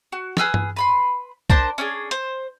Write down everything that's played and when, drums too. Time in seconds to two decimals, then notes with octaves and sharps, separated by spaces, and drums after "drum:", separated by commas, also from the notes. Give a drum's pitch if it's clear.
0.12 F#4
0.37 G#4 B4 E6 F6, drum: snare
0.54 drum: tom G2
0.76 B4 B5 C6
1.50 D4 A#4 C5 A5, drum: kick
1.78 C#4 D4 G#4
2.11 C5, drum: hi-hat